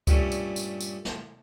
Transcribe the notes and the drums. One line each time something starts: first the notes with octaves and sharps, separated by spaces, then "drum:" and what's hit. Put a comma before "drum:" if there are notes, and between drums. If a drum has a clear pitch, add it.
G2 A#2 G3 A3 C#4, drum: kick C#2, tambourine
drum: tambourine
drum: tambourine
drum: tambourine
drum: snare